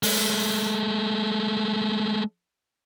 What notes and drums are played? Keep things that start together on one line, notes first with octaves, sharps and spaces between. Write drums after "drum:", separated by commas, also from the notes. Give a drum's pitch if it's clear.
G#3 A3, drum: open hi-hat